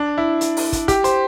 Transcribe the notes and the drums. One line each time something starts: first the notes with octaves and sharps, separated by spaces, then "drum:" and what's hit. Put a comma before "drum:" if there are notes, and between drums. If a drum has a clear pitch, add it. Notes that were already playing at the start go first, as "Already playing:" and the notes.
Already playing: D4
E4
drum: hi-hat
drum: open hi-hat
drum: kick, hi-hat
G4, drum: kick, hi-hat
C5, drum: hi-hat